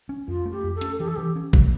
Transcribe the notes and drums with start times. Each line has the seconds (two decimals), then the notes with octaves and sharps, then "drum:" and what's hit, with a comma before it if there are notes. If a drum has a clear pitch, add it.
0.09 C#4
0.28 F2 F4
0.45 A3
0.52 G4
0.64 F2
0.75 A4
0.81 C#4, drum: hi-hat
1.00 E3 G4
1.08 A4
1.16 E3 G4
1.35 C#4
1.53 A3, drum: kick G1